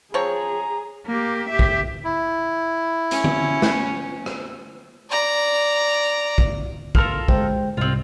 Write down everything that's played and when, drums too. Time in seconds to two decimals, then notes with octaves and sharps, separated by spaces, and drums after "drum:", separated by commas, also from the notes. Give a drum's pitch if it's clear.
0.14 F3 C4 G#4 C#5 A#5
1.06 A#3 G4
1.48 G4 E5
1.59 drum: kick
2.04 E4
3.11 C#4, drum: hi-hat
3.24 drum: tom D3
3.62 drum: snare
4.26 drum: rim click
5.10 D5 A#5
6.38 drum: kick
6.95 F4 A4 A#4, drum: kick
7.28 G#3 C5 G5, drum: kick
7.77 C2 G#2 C3 C4 F4